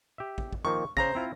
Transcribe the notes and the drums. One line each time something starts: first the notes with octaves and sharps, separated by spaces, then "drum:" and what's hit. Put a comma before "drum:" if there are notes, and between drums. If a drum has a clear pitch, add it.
G4 E5
drum: kick
drum: kick
D#3 F3 A#3 C#6
C#3 C5 A#5 A#6, drum: kick
C4 E4 F4